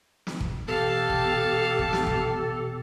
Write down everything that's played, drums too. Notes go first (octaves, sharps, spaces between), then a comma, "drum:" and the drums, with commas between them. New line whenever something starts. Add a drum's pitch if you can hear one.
drum: snare
drum: kick
E2 B2 G4 A4 F5 A5
drum: kick
drum: kick
drum: snare
drum: kick